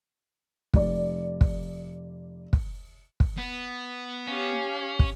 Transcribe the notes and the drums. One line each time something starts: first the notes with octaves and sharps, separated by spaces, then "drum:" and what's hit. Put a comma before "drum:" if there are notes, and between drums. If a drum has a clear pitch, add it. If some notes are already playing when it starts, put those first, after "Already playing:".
F1 D5, drum: kick
drum: kick
drum: kick
drum: kick
B3
C#4 G4 C#5 F5
drum: kick